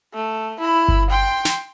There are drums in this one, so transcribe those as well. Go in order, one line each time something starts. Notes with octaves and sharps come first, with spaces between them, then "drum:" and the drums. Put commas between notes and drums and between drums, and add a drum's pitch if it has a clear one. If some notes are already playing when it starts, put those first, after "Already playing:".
A3
E4 B5
drum: kick G1
G5 C6
drum: snare